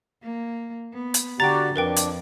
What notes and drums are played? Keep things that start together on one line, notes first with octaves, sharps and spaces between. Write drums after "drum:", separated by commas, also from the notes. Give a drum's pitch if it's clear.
A#3
B3
drum: hi-hat
D3 F#4 G4 D5 G5 A#5 A6
F2 D4 A#4 B4 G5
drum: hi-hat